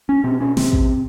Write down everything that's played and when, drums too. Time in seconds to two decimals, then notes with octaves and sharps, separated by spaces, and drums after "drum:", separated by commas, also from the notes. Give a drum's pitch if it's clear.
0.09 C#4
0.24 B2 C4
0.41 C#4
0.57 C4, drum: snare
0.72 drum: kick A1